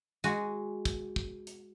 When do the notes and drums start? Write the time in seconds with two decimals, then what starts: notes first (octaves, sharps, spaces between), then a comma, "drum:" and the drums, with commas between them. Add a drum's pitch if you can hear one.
0.24 G#3 F#4, drum: hi-hat
0.85 drum: kick, hi-hat
1.16 drum: kick
1.47 drum: hi-hat